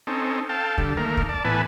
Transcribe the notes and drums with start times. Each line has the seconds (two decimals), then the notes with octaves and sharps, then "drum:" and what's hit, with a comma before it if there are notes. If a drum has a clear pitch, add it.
0.07 C4 C#4 D#4 A4
0.49 A4 F5 G5 A5
0.78 D3 G3 A4, drum: kick
0.97 D#3 A3 A#3 A#4
1.17 drum: kick
1.29 D5 A5
1.45 A2 E3 B3 B4 G#5 A5